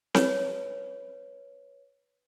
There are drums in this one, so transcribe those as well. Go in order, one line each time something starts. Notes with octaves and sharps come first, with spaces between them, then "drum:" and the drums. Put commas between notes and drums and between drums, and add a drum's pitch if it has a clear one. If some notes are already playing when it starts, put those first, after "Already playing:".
B4 C#5, drum: snare C4